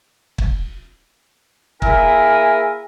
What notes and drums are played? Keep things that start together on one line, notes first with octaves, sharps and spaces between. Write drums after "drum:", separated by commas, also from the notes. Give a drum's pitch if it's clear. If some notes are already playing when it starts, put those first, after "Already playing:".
drum: kick
A#3 E4 G#4 A#4 E5 G#5, drum: kick